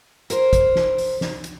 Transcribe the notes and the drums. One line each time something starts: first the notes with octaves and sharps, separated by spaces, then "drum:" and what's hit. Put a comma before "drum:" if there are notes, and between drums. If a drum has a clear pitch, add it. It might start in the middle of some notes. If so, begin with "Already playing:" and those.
A#4 C5, drum: hi-hat
drum: kick, hi-hat
drum: snare
drum: open hi-hat
drum: snare
drum: hi-hat